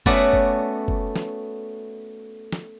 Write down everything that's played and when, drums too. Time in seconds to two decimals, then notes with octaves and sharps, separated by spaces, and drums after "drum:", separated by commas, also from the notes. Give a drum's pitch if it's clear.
0.06 A3 B3 C#4 F#4 D5, drum: kick F#1
0.33 drum: kick F#1
0.88 drum: kick F#1
1.16 drum: snare
2.52 drum: snare